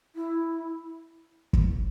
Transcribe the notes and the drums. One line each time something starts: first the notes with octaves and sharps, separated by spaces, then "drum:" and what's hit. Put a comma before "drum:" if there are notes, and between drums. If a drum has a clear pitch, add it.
E4
drum: kick